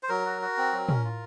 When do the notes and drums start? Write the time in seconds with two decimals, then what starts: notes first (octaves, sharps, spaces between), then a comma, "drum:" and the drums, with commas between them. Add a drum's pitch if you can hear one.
0.03 C5
0.09 F#3 A#4
0.26 F#4
0.42 F#4
0.57 C4
0.73 F#3
0.89 C#4, drum: tom
1.04 F4